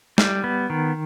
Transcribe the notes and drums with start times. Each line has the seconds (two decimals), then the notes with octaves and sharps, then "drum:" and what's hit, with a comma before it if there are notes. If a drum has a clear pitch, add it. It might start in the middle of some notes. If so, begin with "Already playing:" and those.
0.18 G3, drum: snare
0.44 B3
0.70 D#3